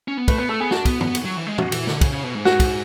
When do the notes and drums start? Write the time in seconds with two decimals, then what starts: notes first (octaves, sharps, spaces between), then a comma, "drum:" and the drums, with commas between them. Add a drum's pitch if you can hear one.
0.08 C#4
0.17 B3
0.28 A3 B4, drum: kick, cymbal
0.38 B3 B4
0.49 A3 A4
0.60 B3 G#4
0.71 D4 F#4, drum: snare
0.85 B3, drum: kick, cymbal
1.01 B3, drum: tom
1.15 drum: cymbal
1.25 F#3
1.37 E3
1.47 G#3
1.58 F#4, drum: tom
1.72 E3, drum: cymbal
1.87 D3, drum: snare
2.01 C#3, drum: kick, cymbal
2.12 C#3
2.24 B2
2.35 G#2
2.45 F#4, drum: snare
2.60 drum: kick, cymbal